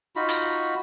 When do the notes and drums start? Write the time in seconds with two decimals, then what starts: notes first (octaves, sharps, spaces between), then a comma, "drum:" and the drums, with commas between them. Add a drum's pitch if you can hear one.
0.16 D#4 F4 F#4 B5
0.29 drum: hi-hat